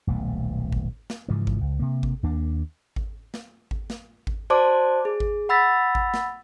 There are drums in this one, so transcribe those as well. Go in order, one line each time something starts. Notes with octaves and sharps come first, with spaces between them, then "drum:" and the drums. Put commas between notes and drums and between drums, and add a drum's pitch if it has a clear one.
D#1 B1 A3
drum: kick G#1
drum: snare
G#2 C#3 E3 F3
drum: kick G#1
C#2
C3 A#3
drum: kick G#1
D#2 A#3 D4
drum: kick G#1
drum: snare
drum: kick G#1
drum: snare
drum: kick G#1
F#4 C5 D5 A5 C6 D6
G#4
drum: kick G#1
F#5 B5 E6 A6 B6
drum: kick G#1
drum: snare